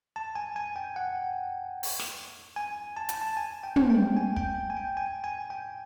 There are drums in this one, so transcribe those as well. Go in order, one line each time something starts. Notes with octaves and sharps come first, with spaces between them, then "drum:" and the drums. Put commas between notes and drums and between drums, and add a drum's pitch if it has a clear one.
A5
G#5
G#5
G5
F#5
drum: open hi-hat
drum: snare
G#5
A5
drum: hi-hat
A5
G#5
G5
drum: tom
G5
G#5
G5, drum: kick
G#5
G5
G#5
G#5
G5